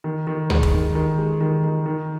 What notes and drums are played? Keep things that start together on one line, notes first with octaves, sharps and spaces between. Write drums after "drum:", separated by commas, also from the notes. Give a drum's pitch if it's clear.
D#3
D#3
G#3, drum: tom D2
drum: kick
D#3
D#3
G#3
D#3
D#3
D#3